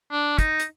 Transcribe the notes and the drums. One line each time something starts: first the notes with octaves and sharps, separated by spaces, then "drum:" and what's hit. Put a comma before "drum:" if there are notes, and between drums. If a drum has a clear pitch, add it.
D4
D#4, drum: kick, hi-hat
drum: hi-hat